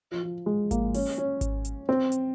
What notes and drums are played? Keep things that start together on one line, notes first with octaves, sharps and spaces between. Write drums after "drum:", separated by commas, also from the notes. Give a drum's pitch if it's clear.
F3
F3
G#3
A#3, drum: kick G#1, hi-hat
C#4, drum: open hi-hat
C#4
drum: kick G#1, hi-hat
drum: hi-hat
C4
drum: hi-hat